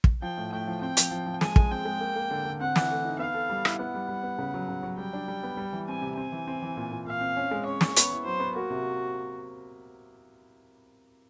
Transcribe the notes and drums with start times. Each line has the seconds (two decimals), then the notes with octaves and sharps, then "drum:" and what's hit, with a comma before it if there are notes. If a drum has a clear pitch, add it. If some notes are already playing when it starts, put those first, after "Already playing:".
0.04 drum: kick
0.22 F3 G5
0.38 A2
0.52 A2 G5
0.67 F3
0.81 C4 G5
0.97 F3, drum: hi-hat
1.11 F3
1.26 F3
1.41 G#3 G#5, drum: snare
1.56 G#3, drum: kick
1.71 C4 G5
1.85 G#3
2.00 A#3
2.16 A#3
2.31 D3
2.45 D3
2.61 C4 F#5
2.76 E3, drum: snare
2.90 A3
3.05 D#4
3.19 B3 F5
3.34 A4
3.50 G3
3.65 E4, drum: rim click
3.79 B3 F#5
3.95 G3
4.09 G3
4.23 B3
4.38 C#3
4.54 F#3
4.68 C#3
4.83 F#3
4.98 G3 G5
5.13 D4
5.28 G3
5.43 B3
5.57 G3
5.73 E3
5.88 C4 G#5
6.02 C3
6.17 C4 G#5
6.32 E3
6.47 C4
6.62 E3
6.77 A#2
6.92 A#2
7.06 A#2 F5
7.21 C4
7.37 C#4
7.51 G#3
7.66 C#4 C#5
7.81 C#4, drum: snare
7.96 B3, drum: hi-hat
8.11 E4
8.25 F#3 C5
8.40 B3
8.55 A#3 F#4
8.70 C3